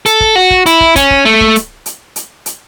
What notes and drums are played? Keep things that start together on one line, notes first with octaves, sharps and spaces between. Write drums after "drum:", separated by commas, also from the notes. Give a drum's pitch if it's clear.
A4, drum: hi-hat
drum: kick
F#4
drum: kick
E4, drum: hi-hat
drum: kick
C#4, drum: kick, hi-hat
drum: kick
A3
drum: kick
drum: hi-hat
drum: hi-hat
drum: hi-hat
drum: hi-hat